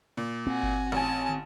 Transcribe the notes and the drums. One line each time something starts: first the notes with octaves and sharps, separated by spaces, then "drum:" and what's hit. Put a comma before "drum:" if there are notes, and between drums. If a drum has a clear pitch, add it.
A#2
C4 F#4 G#5
drum: kick G1
A1 G#5 A5
drum: tom